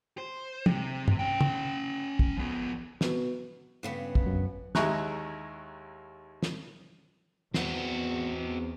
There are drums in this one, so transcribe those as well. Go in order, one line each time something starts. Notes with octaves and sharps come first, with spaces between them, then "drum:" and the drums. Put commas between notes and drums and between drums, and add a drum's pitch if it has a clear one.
C5
C3, drum: tom
drum: tom
C#4 G5
drum: tom
drum: kick
F3 B3
B2, drum: snare
G2 C#3 B3
drum: kick
F#2
D#2 G#3 E4 A#5 C#6 F#6, drum: snare
drum: snare
E2 C4 F#4, drum: snare